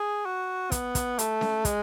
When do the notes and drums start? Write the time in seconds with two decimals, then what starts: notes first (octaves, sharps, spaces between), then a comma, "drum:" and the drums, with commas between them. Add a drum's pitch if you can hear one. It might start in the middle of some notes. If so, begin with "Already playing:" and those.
Already playing: G#4
0.26 F#4
0.72 B3, drum: kick, hi-hat
0.95 drum: kick, hi-hat
1.19 A3, drum: hi-hat
1.41 drum: snare C#4
1.65 G#3, drum: kick, hi-hat